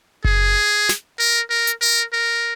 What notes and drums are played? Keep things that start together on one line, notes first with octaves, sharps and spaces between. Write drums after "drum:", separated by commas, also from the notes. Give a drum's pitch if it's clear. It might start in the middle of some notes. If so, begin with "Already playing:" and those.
G#4, drum: kick F#1
drum: snare
A#4
A#4
drum: hi-hat
A#4
A#4